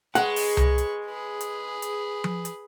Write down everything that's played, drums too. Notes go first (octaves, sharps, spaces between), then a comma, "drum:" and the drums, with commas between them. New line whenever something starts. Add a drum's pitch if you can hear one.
G#3 B4 F#5 C#6, drum: hi-hat
drum: open hi-hat
drum: tom C2
drum: hi-hat
G#4 B4
drum: hi-hat
drum: hi-hat
drum: tom F3
drum: hi-hat